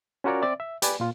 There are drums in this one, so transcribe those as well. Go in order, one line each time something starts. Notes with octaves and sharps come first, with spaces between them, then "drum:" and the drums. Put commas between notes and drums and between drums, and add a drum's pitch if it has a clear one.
C#4 F4 F#4 A#4 C#5 D5
C4 D5 E5
E5
G4 B4 D5 G#5, drum: hi-hat
A#2 F4